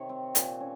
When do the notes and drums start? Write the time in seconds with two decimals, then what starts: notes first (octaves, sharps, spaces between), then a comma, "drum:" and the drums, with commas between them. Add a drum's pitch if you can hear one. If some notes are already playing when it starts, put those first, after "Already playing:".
Already playing: C3 D#3 C#5
0.09 C4
0.35 A#2, drum: hi-hat
0.60 C#4